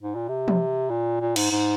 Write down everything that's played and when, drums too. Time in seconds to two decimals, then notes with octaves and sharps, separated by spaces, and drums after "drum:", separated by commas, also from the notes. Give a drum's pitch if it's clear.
0.03 G#2
0.15 A#2
0.28 C3
0.48 drum: tom E3
0.90 A#2
1.20 A#2
1.36 G#2, drum: cymbal
1.51 G#2